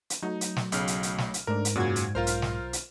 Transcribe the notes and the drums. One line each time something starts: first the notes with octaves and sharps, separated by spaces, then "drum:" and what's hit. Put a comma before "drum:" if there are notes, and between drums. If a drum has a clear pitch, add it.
drum: hi-hat
F#3 A3 D#4
drum: hi-hat
drum: snare
B1 C#3 F6, drum: hi-hat
drum: hi-hat
drum: hi-hat
drum: snare
drum: hi-hat
G#2 A3 D4 A#4
drum: hi-hat
F#2 A#2 C#3 F#4 G#6
drum: hi-hat
B1 F4 A#4 C5 F6
drum: hi-hat
drum: snare
drum: hi-hat